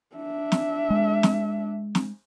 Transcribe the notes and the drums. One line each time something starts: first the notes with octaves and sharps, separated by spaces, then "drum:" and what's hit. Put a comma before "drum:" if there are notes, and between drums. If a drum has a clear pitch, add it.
D4 E5
drum: snare
G#3
drum: snare
drum: snare